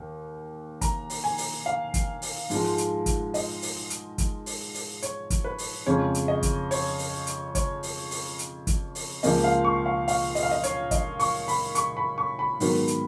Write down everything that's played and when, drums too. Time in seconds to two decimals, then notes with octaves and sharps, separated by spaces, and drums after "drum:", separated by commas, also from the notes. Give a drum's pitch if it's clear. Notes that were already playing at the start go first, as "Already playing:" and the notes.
Already playing: D#2
0.81 A#5, drum: kick, hi-hat
1.10 drum: open hi-hat
1.24 G#5
1.38 drum: open hi-hat
1.66 F5
1.94 drum: kick, hi-hat
2.22 drum: open hi-hat
2.50 G#2 F3 G#3, drum: open hi-hat
2.78 drum: hi-hat
3.06 drum: kick, hi-hat
3.34 D#5, drum: open hi-hat
3.62 drum: open hi-hat
3.90 drum: hi-hat
4.18 drum: kick, hi-hat
4.46 drum: open hi-hat
4.74 drum: open hi-hat
5.02 C#5, drum: hi-hat
5.30 drum: kick, hi-hat
5.44 B4
5.58 drum: open hi-hat
5.86 F2 C#3 G#3 C#4 C#5
6.15 drum: hi-hat
6.28 D#5
6.43 drum: kick, hi-hat
6.71 C#5, drum: open hi-hat
6.99 drum: open hi-hat
7.27 drum: hi-hat
7.55 C#5, drum: kick, hi-hat
7.83 drum: open hi-hat
8.11 drum: open hi-hat
8.39 drum: hi-hat
8.67 drum: kick, hi-hat
8.95 drum: open hi-hat
9.23 C#2 C#3 F3 A#3 C#4 D#5, drum: open hi-hat
9.44 F5
9.65 C#6
9.86 F5
10.08 F5, drum: open hi-hat
10.35 D#5, drum: open hi-hat
10.43 F5
10.51 D#5
10.64 C#5, drum: hi-hat
10.91 D#5, drum: kick, hi-hat
11.19 C#6, drum: open hi-hat
11.48 B5, drum: open hi-hat
11.75 C#6, drum: hi-hat
11.97 B5
12.18 C#6
12.39 B5
12.60 G#2 D#3 F#3 B3, drum: open hi-hat
12.88 drum: hi-hat